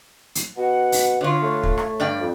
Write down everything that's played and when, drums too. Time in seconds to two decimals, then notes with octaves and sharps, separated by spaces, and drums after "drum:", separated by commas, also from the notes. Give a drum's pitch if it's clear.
0.35 drum: hi-hat
0.57 B2 F#5
0.92 drum: open hi-hat
1.21 D3 F4 C#5
1.42 A3 C#5
1.63 drum: kick
1.78 drum: rim click
2.00 G2 D5 G5
2.20 F2